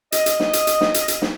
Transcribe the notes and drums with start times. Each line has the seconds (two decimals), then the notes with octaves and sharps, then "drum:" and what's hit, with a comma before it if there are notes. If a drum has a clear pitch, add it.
0.12 D#5, drum: hi-hat
0.26 drum: hi-hat
0.40 drum: snare
0.53 drum: hi-hat
0.67 drum: hi-hat
0.81 drum: snare
0.94 drum: hi-hat
1.08 drum: hi-hat
1.22 drum: snare